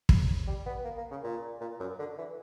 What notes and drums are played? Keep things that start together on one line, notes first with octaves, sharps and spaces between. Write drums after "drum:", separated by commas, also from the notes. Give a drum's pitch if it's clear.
drum: kick
G3
B3
A#3
A#3
C#3
A#2
A#2
F#2
D3
E3